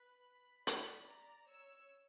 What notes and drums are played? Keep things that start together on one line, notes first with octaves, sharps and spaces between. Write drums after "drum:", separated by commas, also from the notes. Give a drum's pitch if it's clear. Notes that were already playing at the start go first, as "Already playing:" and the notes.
Already playing: B4 B5
D5 B5, drum: hi-hat
A#5
C#5 E6